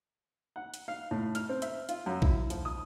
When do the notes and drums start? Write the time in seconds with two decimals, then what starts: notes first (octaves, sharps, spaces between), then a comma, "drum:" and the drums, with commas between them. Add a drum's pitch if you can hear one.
0.56 F#5
0.74 drum: hi-hat
0.88 F5
1.11 A2
1.35 F6, drum: hi-hat
1.49 C4
1.62 E5, drum: hi-hat
1.89 F4, drum: hi-hat
2.06 F#2
2.22 E4, drum: kick A#1
2.50 F3, drum: hi-hat
2.65 D#6